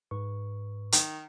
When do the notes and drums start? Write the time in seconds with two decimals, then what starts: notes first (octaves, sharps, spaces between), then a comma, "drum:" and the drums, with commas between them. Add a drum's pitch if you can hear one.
0.11 G#2 B4 C#6
0.92 D#3, drum: hi-hat